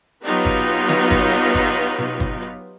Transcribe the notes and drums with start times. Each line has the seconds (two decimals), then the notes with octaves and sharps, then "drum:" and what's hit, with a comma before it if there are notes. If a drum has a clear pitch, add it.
0.23 F#3 B3 D#4 F4 G4 B4
0.45 drum: kick G1, hi-hat
0.67 drum: hi-hat
0.89 drum: snare
1.11 drum: kick G1, hi-hat
1.33 drum: hi-hat
1.55 drum: kick G1, hi-hat
1.98 drum: tom B2
2.20 drum: kick G1, hi-hat
2.42 drum: hi-hat